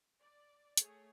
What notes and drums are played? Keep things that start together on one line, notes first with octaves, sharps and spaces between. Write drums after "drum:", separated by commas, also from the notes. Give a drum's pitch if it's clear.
D5
A3 G#4 C#5, drum: hi-hat